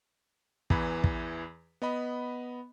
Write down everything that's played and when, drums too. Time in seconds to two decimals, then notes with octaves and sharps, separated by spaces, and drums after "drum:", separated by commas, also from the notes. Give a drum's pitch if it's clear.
0.70 E2 E3 B5, drum: kick
1.04 drum: kick
1.82 B3 D#5 B5